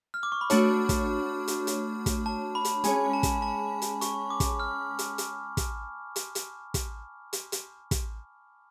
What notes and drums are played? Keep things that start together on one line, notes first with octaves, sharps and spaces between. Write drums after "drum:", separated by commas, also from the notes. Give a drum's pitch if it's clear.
F6
D6
C#6
B5
A3 D4 F#4 C#5 A5, drum: hi-hat
drum: kick, hi-hat
drum: hi-hat
drum: hi-hat
drum: kick, hi-hat
A5
B5
drum: hi-hat
G#3 C#4 G#4 C#5 G#5, drum: hi-hat
A5
drum: kick, hi-hat
A5
drum: hi-hat
C#6, drum: hi-hat
D6
drum: kick, hi-hat
F6
drum: hi-hat
drum: hi-hat
drum: kick, hi-hat
drum: hi-hat
drum: hi-hat
drum: kick, hi-hat
drum: hi-hat
drum: hi-hat
drum: kick, hi-hat